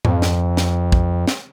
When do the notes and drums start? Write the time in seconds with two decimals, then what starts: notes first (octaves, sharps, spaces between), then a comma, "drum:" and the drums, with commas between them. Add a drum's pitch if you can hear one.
0.05 F2, drum: tom G#2
0.22 drum: snare
0.57 drum: snare
0.92 drum: kick
1.27 drum: snare